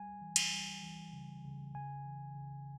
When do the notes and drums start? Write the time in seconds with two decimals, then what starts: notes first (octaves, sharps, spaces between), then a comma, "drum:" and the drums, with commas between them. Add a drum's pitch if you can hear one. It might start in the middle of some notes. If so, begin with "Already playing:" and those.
Already playing: G3 G#5
0.21 E3
0.36 drum: cymbal
0.52 G3
0.83 E3
1.13 C#3
1.45 C#3
1.75 C#3 G#5
2.06 E3
2.36 C#3